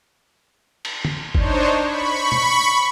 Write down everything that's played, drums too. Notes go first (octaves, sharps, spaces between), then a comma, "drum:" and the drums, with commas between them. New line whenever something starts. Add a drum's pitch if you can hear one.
drum: cymbal
drum: tom D3
D4 D#4 C5 C#5, drum: kick G1
B5 C#6
drum: tom B2